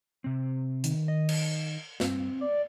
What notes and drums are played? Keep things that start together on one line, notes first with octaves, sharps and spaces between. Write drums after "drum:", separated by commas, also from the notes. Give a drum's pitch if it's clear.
C3 C4
D#3, drum: hi-hat
D#5
drum: cymbal
G2 C4, drum: snare
D5